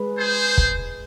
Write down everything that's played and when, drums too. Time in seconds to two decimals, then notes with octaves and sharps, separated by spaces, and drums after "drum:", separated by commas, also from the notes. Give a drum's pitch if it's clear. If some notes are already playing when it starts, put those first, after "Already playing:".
Already playing: G#3 B4
0.18 G#4 C5
0.58 drum: kick